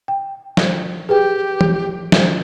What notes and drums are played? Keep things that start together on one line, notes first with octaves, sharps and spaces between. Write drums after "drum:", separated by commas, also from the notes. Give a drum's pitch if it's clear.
G5
drum: snare
G4 G#4 B4 G5
drum: tom
drum: snare